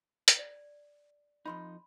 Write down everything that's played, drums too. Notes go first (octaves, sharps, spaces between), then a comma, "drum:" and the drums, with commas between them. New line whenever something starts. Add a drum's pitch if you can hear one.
drum: hi-hat
D5
F2 F3 D#4 B5 C6